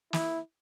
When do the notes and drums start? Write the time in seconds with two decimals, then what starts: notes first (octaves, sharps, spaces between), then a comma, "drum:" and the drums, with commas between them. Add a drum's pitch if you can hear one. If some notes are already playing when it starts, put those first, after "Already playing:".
0.13 E4, drum: snare